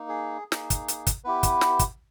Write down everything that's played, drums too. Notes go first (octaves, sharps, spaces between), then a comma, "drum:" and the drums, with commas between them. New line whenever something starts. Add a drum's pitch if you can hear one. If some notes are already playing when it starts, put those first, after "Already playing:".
Already playing: A#3 D#4
G#4
A#3 D#4 G#4, drum: snare
drum: kick, hi-hat
drum: hi-hat
drum: kick, hi-hat
B3 E4 G4 B4
drum: kick, hi-hat
drum: snare
drum: kick, hi-hat